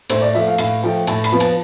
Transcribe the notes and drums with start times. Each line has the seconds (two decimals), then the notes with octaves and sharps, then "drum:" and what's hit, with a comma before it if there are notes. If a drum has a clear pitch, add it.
0.10 A2 C5, drum: cymbal
0.22 D5
0.34 F3 A3 E5
0.46 F5
0.58 A2 F5, drum: cymbal
0.83 F3 A3 G5
1.07 A2 A5, drum: cymbal
1.24 B5, drum: cymbal
1.32 F3 B3
1.40 A5, drum: cymbal